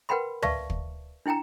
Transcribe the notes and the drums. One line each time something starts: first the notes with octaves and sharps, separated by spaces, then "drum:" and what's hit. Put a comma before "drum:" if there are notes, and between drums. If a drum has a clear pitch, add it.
A#4 B4 F#5 G5 B5 C6
B4 D5 E5 F5 A5 C#6, drum: tom
drum: kick
D4 E4 G5 G#5 A#5